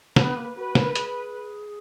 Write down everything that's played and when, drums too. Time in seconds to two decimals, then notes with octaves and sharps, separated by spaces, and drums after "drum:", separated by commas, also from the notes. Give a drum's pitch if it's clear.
0.16 B3 B4, drum: snare
0.36 A#3
0.55 F#4 B4
0.75 A#4, drum: snare
0.95 G#4, drum: hi-hat